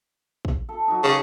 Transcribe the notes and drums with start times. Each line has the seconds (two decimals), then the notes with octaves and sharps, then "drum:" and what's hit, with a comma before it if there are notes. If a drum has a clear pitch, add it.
0.45 drum: kick
0.69 A4
0.88 F#3 D#4
1.04 C#3 G4 C6